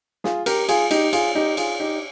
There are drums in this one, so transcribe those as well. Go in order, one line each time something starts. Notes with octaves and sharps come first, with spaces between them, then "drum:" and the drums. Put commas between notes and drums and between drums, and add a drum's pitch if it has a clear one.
F4 G#4, drum: snare
G4 A#4, drum: cymbal
F4 G#4, drum: cymbal
D#4 G4, drum: cymbal
F4 G#4, drum: cymbal
D#4 G4
F4 G#4, drum: cymbal
D#4 G4